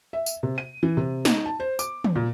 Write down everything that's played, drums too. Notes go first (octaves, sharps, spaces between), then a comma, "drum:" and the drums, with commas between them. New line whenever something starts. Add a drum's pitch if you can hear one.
E5
drum: tambourine
C3
D#7
E3
C3
D#4, drum: snare
A5
C5
D6, drum: tambourine
drum: tom
A#2